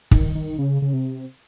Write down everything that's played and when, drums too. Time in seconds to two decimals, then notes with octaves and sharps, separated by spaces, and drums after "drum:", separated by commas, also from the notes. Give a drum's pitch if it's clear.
0.11 D#3, drum: kick
0.35 D#3
0.59 C#3
0.82 C#3
0.93 C3